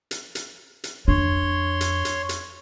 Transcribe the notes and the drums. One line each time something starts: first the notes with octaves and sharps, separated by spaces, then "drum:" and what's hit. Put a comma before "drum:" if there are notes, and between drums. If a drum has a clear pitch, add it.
drum: hi-hat
drum: hi-hat
drum: hi-hat
F2 D4 C#5 C6
drum: hi-hat
drum: hi-hat
drum: hi-hat